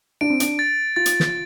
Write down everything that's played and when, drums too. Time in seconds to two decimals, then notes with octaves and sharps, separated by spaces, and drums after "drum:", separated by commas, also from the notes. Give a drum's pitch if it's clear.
0.21 D4 D7
0.30 C4
0.40 D4, drum: hi-hat
0.59 A6
0.96 F4 A6
1.06 drum: hi-hat
1.20 drum: snare